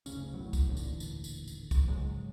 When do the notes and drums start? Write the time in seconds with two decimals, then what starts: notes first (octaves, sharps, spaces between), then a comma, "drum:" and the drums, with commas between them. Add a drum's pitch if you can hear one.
0.06 F#1 D2 C#3 C#4, drum: tambourine
0.34 B1 F#2 A2 F#3
0.53 drum: kick, tambourine
0.68 D#1 A1 D#2 D3
0.77 drum: tambourine
1.00 drum: tambourine
1.24 drum: tambourine
1.48 drum: tambourine
1.71 drum: kick, tambourine
1.88 G#2 C#3 F#3 G#3